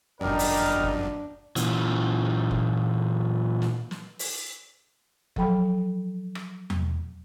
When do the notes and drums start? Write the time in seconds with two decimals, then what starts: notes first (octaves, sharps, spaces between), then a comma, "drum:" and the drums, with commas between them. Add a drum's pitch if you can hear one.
0.21 G1 F#2 G3 D4 D#4 A#4
0.39 drum: open hi-hat
0.83 drum: kick F#1
1.56 A#2 E3, drum: hi-hat
2.51 drum: kick F#1
3.62 drum: snare
3.91 drum: snare
4.19 drum: open hi-hat
5.36 F3 F#3 A4 G5 B5, drum: kick F#1
6.35 drum: rim click
6.70 drum: tom E2